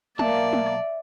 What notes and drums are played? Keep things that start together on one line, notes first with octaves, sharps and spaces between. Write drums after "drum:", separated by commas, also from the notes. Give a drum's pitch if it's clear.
B1 A#3 D5 E5 A5, drum: tom
drum: tom